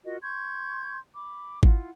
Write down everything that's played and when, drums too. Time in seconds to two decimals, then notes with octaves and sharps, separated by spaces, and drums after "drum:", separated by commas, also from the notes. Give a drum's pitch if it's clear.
0.04 F4 F#4 A#4 D#5
0.21 C6 C#6 G6 G#6
1.15 B5 D6
1.63 E4 F4 F#5, drum: kick G#1